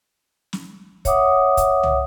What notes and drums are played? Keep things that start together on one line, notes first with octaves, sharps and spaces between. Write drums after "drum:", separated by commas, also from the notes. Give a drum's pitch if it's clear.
drum: snare
C#5 E5 F#5 D6 D#6, drum: kick, hi-hat
drum: kick, hi-hat
drum: tom